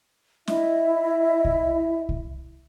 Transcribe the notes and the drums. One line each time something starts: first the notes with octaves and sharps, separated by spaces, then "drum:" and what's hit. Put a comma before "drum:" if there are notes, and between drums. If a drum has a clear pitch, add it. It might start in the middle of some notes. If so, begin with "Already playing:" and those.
E4 D#5 E5, drum: snare
drum: kick C2
drum: kick C2